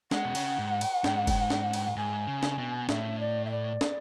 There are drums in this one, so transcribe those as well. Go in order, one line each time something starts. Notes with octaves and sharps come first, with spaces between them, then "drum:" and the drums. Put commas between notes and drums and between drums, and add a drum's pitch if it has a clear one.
G#3 F#5, drum: snare
B2
C#3, drum: cymbal
G#2
drum: cymbal
G#2, drum: snare
drum: kick F#1, cymbal
drum: snare
drum: cymbal
G#2 G#5
C#3
drum: snare
B2
A2 E5, drum: snare
D5
E5
D5
drum: snare